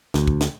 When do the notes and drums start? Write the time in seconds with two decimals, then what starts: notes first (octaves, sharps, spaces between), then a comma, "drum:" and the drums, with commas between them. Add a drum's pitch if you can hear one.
0.14 D2, drum: snare
0.28 drum: kick
0.41 drum: snare